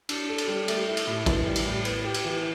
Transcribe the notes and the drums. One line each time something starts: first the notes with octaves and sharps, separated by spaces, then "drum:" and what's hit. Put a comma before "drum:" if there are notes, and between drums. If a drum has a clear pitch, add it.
D4, drum: cymbal
A4
drum: cymbal
G3
A3, drum: cymbal
E4
drum: cymbal
A2
E3, drum: kick A1, cymbal
G3
drum: cymbal
A2
B3, drum: cymbal
G4
drum: cymbal
E3